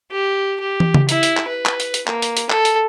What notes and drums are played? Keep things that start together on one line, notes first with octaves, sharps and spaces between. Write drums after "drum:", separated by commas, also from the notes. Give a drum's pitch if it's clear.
G4
G4
drum: tom
drum: tom C#3
E4, drum: hi-hat
drum: hi-hat
drum: clap
B4
drum: clap
drum: hi-hat
drum: hi-hat
A#3, drum: clap
drum: hi-hat
drum: hi-hat
A4, drum: clap
drum: hi-hat